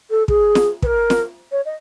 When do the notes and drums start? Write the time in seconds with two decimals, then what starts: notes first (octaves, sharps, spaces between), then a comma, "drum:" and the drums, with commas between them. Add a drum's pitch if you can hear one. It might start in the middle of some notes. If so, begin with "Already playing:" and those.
0.10 A4
0.28 G#4, drum: kick
0.55 drum: snare
0.82 B4, drum: kick
0.86 A#4
1.10 drum: snare
1.51 C#5
1.65 D#5